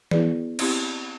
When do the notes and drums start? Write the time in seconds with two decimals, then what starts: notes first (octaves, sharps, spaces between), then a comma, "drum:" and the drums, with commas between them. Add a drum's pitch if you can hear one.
0.11 B3 E4 G#4 B4 D5, drum: tom E3
0.59 C4 E4 G4, drum: cymbal